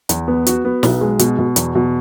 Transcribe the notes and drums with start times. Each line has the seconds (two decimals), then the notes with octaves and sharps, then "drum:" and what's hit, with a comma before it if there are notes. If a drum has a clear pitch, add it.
0.09 E2, drum: hi-hat
0.28 B3
0.46 F#4, drum: hi-hat
0.65 B3
0.83 B1, drum: snare
1.01 G#3
1.19 B2, drum: hi-hat
1.39 B2
1.56 E2, drum: hi-hat
1.75 B2